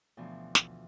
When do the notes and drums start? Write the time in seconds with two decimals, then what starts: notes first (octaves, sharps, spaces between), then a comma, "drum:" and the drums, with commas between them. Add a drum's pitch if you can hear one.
0.17 D2 B2 E3 F3 B3 D4
0.55 drum: snare